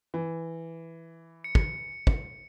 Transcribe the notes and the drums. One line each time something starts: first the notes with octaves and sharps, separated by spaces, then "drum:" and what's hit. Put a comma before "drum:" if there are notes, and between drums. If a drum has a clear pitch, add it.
E3
C#7
drum: kick
drum: kick